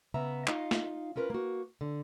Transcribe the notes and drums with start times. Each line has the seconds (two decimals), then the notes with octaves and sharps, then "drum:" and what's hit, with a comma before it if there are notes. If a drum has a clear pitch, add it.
0.14 C#3 B3 E5 A#5
0.47 D#4 F4 D#5 F5, drum: clap
0.71 drum: snare
1.16 C#4 F4 A#4 B4
1.30 A#3 F#4
1.81 D3